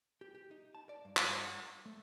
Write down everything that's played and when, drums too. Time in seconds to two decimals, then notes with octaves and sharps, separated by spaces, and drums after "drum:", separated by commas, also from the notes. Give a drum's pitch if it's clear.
0.21 G4
0.35 G4
0.51 D#4
0.75 A5
0.89 D5
1.05 G2
1.17 drum: clap
1.45 F#5
1.86 A3